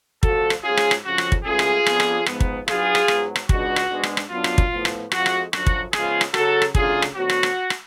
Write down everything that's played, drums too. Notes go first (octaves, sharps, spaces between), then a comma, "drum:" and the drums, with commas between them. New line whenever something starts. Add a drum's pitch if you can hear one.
D2 D3 F3 F#4 A4, drum: kick
drum: rim click
G#2 F#3 C#4 F4 G#4
drum: rim click
drum: rim click
F2 C#3 F3 F#4
drum: rim click
drum: kick
C#2 B2 A3 C#4 F4 G#4
drum: rim click
F2 F3 B3 D4, drum: rim click
drum: rim click
G#2 F3 B3, drum: rim click
drum: kick
G#2 F#3 B3 D4 F4 G#4, drum: rim click
drum: rim click
G#2 F#3 B3, drum: rim click
drum: rim click
C#2 B2 G#3 D4 F#4, drum: kick
drum: rim click
G#2 G#3 B3 D4
drum: rim click
drum: rim click
F#2 D3 F#3 B3 D4 F4
drum: rim click
drum: kick
A2 F3 B3
drum: rim click
F2 F3 G#3 F#4, drum: rim click
drum: rim click
F#2 D3 F3 F#4, drum: rim click
drum: kick
C#2 C#3 F3 G#3 B3 F4 G#4, drum: rim click
drum: rim click
C#3 F#3 C#4 F#4 A4, drum: rim click
drum: rim click
C#3 F#3 A3 D4 F4 G#4, drum: kick
drum: rim click
D2 D3 F#3 B3 F#4
drum: rim click
drum: rim click
drum: rim click